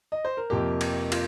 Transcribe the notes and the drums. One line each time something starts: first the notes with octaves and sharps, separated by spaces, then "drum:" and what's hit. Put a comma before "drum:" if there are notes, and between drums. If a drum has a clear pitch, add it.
D#5
C5
A#4
F2 C3 F3 A#3 G4
drum: cymbal
F4, drum: cymbal